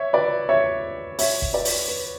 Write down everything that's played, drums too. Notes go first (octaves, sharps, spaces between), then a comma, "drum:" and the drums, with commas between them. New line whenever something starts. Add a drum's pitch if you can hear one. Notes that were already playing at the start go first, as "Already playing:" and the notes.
Already playing: C#5 E5
B4 D5
C#5 E5
C#5 E5, drum: open hi-hat
drum: kick
B4 D5
drum: open hi-hat
B4